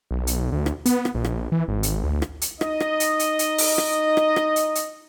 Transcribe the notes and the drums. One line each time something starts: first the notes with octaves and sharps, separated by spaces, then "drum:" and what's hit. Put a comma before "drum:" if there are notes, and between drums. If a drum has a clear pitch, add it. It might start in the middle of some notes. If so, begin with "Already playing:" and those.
B1
drum: hi-hat
D2
drum: rim click
B3, drum: hi-hat
drum: rim click
A#1
drum: rim click
E3
G#1
drum: hi-hat
D2
drum: rim click
drum: hi-hat
D#4 D#5, drum: rim click
drum: rim click
drum: hi-hat
drum: hi-hat
drum: hi-hat
drum: open hi-hat
drum: rim click
drum: rim click
drum: rim click
drum: hi-hat
drum: hi-hat